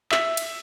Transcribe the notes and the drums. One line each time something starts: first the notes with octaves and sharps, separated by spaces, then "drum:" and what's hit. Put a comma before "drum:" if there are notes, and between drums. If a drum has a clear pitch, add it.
E5, drum: clap
drum: cymbal